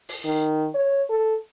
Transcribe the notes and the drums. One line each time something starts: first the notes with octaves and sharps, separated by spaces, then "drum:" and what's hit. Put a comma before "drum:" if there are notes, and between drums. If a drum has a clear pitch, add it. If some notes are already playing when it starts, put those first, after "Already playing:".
drum: open hi-hat
D#3
C#5
A4